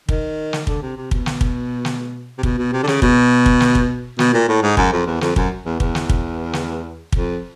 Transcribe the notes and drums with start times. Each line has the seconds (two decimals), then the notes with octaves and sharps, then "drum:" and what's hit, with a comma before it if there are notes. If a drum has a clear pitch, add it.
0.09 D#3, drum: kick
0.53 drum: snare
0.67 D3, drum: kick
0.82 C3
0.97 C3
1.11 B2, drum: kick
1.26 drum: snare
1.41 drum: kick
1.85 drum: snare
2.38 C3
2.43 B2, drum: kick
2.58 B2
2.73 C3
2.83 D3
2.87 C#3, drum: snare
3.02 B2, drum: kick
3.46 drum: kick
3.60 drum: snare
3.75 drum: kick
4.19 B2, drum: snare
4.34 A#2
4.49 A2
4.63 G#2
4.77 F#2, drum: kick
4.92 F2
5.07 E2
5.21 F2, drum: snare
5.36 F#2, drum: kick
5.66 E2
5.80 E2, drum: kick
5.95 drum: snare
6.09 drum: kick
6.53 drum: snare
7.12 F2, drum: kick